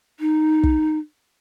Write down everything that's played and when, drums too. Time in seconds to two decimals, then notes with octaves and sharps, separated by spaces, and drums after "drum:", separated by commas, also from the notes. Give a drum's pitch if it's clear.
0.20 D#4
0.63 drum: kick